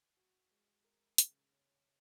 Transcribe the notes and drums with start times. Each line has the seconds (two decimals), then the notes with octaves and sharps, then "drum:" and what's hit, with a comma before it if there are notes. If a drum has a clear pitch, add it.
0.17 F#4
0.51 G#3
0.85 A#4
1.18 C#3, drum: hi-hat
1.52 C#4